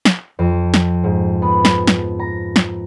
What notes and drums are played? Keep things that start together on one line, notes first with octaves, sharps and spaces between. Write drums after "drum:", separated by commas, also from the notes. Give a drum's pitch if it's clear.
drum: snare
F2
drum: snare
G#2
B3
drum: snare
drum: snare
A#5
drum: snare